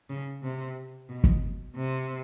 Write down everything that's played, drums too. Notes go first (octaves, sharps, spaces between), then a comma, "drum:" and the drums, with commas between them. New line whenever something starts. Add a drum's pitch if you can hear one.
C#3
C3
B2
drum: kick
C3